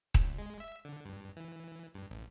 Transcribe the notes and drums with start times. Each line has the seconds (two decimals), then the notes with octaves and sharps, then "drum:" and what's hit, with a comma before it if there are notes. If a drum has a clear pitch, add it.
0.14 C#2, drum: kick D#1
0.38 G#3
0.60 E5
0.85 D3
1.05 G2
1.37 E3
1.94 G2
2.10 A1